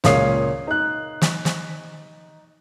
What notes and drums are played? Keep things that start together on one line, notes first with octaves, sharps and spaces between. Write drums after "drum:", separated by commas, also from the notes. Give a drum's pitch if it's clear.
C#2 A#2 C#5 F5 D#6 C7, drum: snare
D#4 F#6
drum: snare
drum: snare